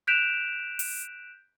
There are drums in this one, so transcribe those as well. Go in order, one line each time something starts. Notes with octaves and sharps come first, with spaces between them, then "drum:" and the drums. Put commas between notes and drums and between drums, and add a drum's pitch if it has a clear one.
F#6 G6 B6 D7 E7 F7
drum: open hi-hat